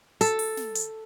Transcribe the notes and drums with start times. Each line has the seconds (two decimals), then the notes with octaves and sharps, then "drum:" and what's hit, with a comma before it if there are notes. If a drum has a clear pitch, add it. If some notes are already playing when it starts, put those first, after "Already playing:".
0.21 A4, drum: hi-hat
0.39 drum: open hi-hat
0.57 drum: snare
0.75 drum: hi-hat